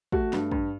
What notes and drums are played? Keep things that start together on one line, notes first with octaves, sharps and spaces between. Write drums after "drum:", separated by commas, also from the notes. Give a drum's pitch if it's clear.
A3 F#4, drum: kick
G2, drum: snare
G2, drum: kick